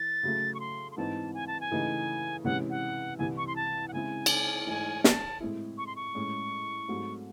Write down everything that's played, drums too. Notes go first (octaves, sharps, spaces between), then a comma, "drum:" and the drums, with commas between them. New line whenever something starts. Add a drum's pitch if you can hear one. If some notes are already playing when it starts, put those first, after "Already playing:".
Already playing: E3 A6
C#3 F#3 A3
C#6
C6
C6
G#2 E3 C4 D#4 A5
G#5
A5
G#5
C#3 E3 A3 D#4
C3 E3 G#3 C#4 F#5
F#5
C2 C3 E3 G#5
C#6
C6
A5
F#5
C#3 G#3 C4 E4 G#5
drum: cymbal
G#2 E3 A3 D#4 G#5
A5, drum: snare
A2 G#3 C4 E4
C#6
C6
C#6
A2 G#3 C#4
G#2 F#3 A3 C4